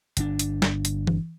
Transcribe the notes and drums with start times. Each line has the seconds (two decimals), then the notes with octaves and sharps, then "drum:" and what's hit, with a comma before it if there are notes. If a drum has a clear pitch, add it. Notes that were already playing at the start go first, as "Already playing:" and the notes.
0.17 G1 D3 D4, drum: hi-hat
0.39 drum: hi-hat
0.62 drum: snare
0.85 drum: hi-hat
1.07 drum: tom E3